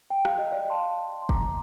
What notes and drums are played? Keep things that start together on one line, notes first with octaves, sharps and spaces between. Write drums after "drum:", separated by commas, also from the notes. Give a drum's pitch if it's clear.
G5
F5, drum: rim click
D#5
D5 F5
A5 C6
C6
A#5 D6, drum: kick